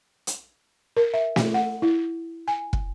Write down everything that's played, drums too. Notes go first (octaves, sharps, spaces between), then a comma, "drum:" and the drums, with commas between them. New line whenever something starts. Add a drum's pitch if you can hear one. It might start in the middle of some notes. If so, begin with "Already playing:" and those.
drum: hi-hat
A#4
E5
drum: snare
F#5
E4
G#5
drum: kick